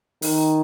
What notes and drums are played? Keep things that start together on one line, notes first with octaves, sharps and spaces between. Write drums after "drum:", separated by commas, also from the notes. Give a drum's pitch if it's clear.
D#3, drum: open hi-hat